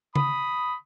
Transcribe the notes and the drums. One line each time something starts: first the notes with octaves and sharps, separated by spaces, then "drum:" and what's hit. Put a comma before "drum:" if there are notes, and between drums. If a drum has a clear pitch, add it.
B5 D#6, drum: tom C#3